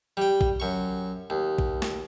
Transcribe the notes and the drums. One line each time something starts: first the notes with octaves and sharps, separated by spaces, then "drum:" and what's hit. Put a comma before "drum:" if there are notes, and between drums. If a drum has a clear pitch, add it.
G3 G5
drum: kick A#1
F#2 C#6
D#2
drum: kick A#1
drum: snare